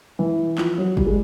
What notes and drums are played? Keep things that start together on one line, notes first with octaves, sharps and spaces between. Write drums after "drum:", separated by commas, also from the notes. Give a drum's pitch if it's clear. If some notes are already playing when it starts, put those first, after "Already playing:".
E3
F3, drum: clap
F#3
G3, drum: kick
G#3